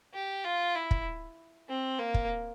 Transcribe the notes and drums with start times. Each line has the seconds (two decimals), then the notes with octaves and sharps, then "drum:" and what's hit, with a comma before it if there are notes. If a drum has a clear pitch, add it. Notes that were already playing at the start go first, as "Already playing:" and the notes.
0.14 G4
0.44 F4
0.75 E4
0.91 drum: kick
1.69 C4
1.99 A#3
2.14 drum: kick